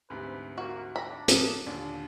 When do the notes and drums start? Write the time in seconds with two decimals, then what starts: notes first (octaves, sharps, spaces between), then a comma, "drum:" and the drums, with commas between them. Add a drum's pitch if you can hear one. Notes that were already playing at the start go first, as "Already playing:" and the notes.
0.10 D2 G#2 C3 B4
0.58 A#3 F#4
0.96 D4 B5 A#6
1.28 G#2 B3 A#4 D6 D#6, drum: hi-hat
1.66 D#2 A#2 D3 D5